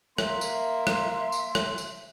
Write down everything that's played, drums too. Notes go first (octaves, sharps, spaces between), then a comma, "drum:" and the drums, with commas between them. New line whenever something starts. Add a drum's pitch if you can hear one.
A#3 E5 C6, drum: rim click
drum: tambourine
drum: rim click
drum: tambourine
drum: rim click
drum: tambourine